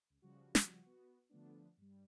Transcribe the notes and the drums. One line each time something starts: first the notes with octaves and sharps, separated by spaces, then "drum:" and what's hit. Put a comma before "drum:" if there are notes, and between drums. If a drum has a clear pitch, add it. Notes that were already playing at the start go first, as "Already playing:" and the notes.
C#2
C#3 F3 G3 F#4
drum: snare
B3 F#4
D3 F3 A3 B3 D4
G2 G3